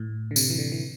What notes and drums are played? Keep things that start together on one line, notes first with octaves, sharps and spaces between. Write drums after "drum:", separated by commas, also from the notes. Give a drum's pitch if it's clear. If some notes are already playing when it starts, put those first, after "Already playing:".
Already playing: A2
D3
C3, drum: tambourine
E3
D3
E3